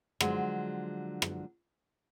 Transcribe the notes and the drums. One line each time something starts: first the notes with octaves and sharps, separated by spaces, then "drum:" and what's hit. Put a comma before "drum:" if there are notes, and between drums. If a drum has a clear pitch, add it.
D3 F3 F#3 G#3, drum: rim click
drum: rim click